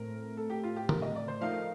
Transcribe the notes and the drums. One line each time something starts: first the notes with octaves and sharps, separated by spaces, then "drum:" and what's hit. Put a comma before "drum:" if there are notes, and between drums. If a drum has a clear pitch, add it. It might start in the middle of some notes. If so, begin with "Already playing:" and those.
Already playing: A2 A3 C4 A#4
A4
G4
F4
G4
A#4, drum: tom
D#5
D5
C5
F3 A3 D#4 A#4 F5